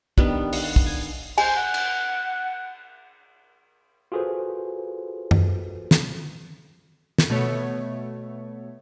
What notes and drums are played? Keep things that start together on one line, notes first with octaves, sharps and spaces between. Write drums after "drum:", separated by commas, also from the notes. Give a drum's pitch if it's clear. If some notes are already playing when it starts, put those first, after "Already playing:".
D#3 G3 B3 D4, drum: kick
F#5, drum: open hi-hat
drum: kick
G#5
C5 G#5, drum: cymbal
F#5
drum: cymbal
F4 F#4 G#4 A4 B4 C5
drum: tom F#2
drum: snare
drum: snare
B2 A3 C#5